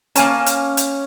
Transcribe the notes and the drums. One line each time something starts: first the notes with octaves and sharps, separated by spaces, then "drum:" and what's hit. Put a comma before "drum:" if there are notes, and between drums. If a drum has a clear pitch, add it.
A#3 C#4 G#5 A5, drum: hi-hat
drum: hi-hat
drum: hi-hat